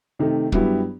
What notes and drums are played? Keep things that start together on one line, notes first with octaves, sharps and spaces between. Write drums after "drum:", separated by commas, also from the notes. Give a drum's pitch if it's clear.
C3 D#3 A3
G2 F#3 B3 E4 G4, drum: kick